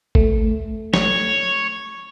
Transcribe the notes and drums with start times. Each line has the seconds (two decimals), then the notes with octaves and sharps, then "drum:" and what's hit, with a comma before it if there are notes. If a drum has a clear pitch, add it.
0.15 A3, drum: kick G#1
0.94 C#5, drum: snare